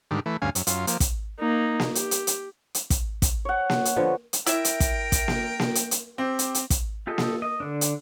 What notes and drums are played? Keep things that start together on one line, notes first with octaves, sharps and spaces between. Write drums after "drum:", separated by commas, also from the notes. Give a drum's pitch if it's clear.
G#2 D3 D#3 G3
E3 A3
D2 G2 C#4 F5 G#5
F#2, drum: hi-hat
F#2 F4, drum: hi-hat
F3 A#3, drum: hi-hat
drum: kick, hi-hat
A#3 D#4
drum: snare A#3
G4, drum: hi-hat
drum: hi-hat
drum: hi-hat
drum: hi-hat
drum: kick, hi-hat
drum: kick, hi-hat
C#5 F#5
drum: snare A#3
drum: hi-hat
D3 F3 B3
drum: hi-hat
E4 A#4 E5 G5, drum: hi-hat
drum: hi-hat
drum: kick, hi-hat
drum: kick, hi-hat
drum: snare A#3
drum: snare A#3
drum: hi-hat
drum: hi-hat
C4 G4
drum: hi-hat
drum: hi-hat
drum: kick, hi-hat
F4 G4 A4 D#5
drum: snare A#3
D#5
D3 D4
drum: hi-hat